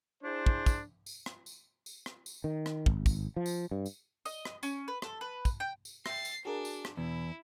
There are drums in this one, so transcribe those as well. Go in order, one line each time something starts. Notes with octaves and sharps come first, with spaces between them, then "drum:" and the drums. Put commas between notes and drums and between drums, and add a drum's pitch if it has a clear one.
D4 E4 G#4 C5
drum: kick
drum: kick, tambourine
drum: tambourine
drum: rim click
drum: tambourine
drum: tambourine
drum: rim click
drum: tambourine
D#3
drum: rim click
G#1, drum: kick
drum: kick, tambourine
F3
drum: tambourine
G2
drum: tambourine
D#5, drum: tambourine
drum: rim click
C#4, drum: tambourine
B4
A4, drum: rim click
B4
drum: kick, tambourine
G5
drum: tambourine
E5 G5 A6 C7, drum: rim click
drum: tambourine
D4 F#4 G#4 A#4
drum: tambourine
drum: rim click
E2 B2 E4